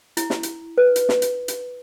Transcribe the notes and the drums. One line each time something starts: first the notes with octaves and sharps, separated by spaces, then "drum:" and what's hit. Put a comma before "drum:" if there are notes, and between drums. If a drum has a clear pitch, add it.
E4, drum: hi-hat
drum: snare
drum: hi-hat
B4
drum: hi-hat
drum: snare
drum: hi-hat
drum: hi-hat